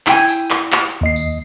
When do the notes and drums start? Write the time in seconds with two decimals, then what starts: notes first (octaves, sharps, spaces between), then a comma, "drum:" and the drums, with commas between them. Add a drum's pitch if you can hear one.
0.07 E4 G5 G#5, drum: clap
0.29 drum: tambourine
0.51 drum: clap
0.72 drum: clap
1.01 D#2 D#5 C7
1.16 drum: tambourine